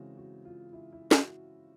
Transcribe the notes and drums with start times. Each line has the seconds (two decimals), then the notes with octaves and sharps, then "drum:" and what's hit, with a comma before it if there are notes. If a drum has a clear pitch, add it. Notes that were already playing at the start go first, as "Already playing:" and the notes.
Already playing: C#3 E3 G#3 C4 F#4
0.17 F#4
0.45 F4
0.73 E4
0.93 E4
1.11 F#4, drum: snare